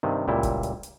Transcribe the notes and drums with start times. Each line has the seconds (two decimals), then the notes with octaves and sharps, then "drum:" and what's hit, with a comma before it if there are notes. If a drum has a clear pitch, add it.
0.03 G2 C3 D#3
0.27 C#2 A#2 G3 E4
0.43 drum: kick, hi-hat
0.63 drum: hi-hat
0.83 drum: hi-hat